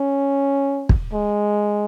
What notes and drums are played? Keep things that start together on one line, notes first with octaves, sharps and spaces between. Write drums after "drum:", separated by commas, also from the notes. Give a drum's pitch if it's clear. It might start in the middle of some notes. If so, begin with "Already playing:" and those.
Already playing: C#4
drum: kick
G#3